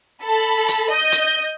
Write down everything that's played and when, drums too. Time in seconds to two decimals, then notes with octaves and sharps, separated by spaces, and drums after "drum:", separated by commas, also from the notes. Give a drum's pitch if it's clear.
0.21 A4 B5
0.68 drum: hi-hat
0.90 D#5 G6
1.12 drum: hi-hat